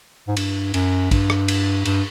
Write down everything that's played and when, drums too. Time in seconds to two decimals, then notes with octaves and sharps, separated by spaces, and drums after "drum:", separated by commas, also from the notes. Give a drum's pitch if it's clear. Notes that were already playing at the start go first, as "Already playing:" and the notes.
0.28 G#2
0.37 G2, drum: cymbal
0.74 F#2, drum: cymbal
1.11 G2, drum: kick, cymbal
1.30 drum: rim click
1.48 drum: cymbal
1.85 G2, drum: cymbal